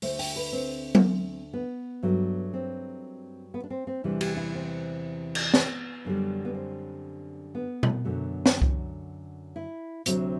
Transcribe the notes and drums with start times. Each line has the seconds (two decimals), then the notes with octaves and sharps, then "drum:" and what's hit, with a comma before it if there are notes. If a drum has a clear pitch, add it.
0.02 D2 D3 A3 C5, drum: open hi-hat
0.19 G5, drum: open hi-hat
0.36 B4
0.53 C4
0.95 drum: tom F#3
1.53 B3
2.03 G2 F#3 A3
2.54 C4
3.54 B3
3.64 D4
3.70 C4
3.87 C4
4.04 E2 C3 E3 G3 D4
4.21 G4, drum: cymbal
4.37 E4
4.54 C4
5.35 drum: cymbal
5.54 B3, drum: snare
6.05 F#2 D3 G3
6.45 B3
6.54 C4
7.55 B3
7.83 drum: tom B2
8.05 F#2 D3 F#3 A3
8.46 drum: snare
8.62 drum: kick C2
9.56 E4
10.06 D2 C3 F#3 C4, drum: hi-hat